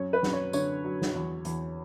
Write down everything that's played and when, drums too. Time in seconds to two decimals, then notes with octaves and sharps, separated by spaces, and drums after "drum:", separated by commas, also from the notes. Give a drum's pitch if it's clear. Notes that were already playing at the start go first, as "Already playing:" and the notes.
Already playing: F#2 F#3 C#5
0.13 B4
0.23 F#2, drum: snare
0.33 C#5
0.53 D3 C#5, drum: tambourine
0.84 F#3
1.02 drum: snare
1.14 E2
1.45 E2, drum: hi-hat